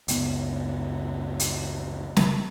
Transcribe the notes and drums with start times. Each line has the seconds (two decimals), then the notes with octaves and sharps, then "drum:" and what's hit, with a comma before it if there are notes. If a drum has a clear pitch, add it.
0.08 C#2 F#2 B3, drum: hi-hat
1.40 drum: hi-hat
2.17 drum: snare